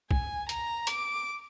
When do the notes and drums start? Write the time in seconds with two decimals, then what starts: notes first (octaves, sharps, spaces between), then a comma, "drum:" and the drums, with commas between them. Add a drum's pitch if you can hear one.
0.11 G#5, drum: kick B1
0.49 A#5, drum: hi-hat
0.87 D6, drum: hi-hat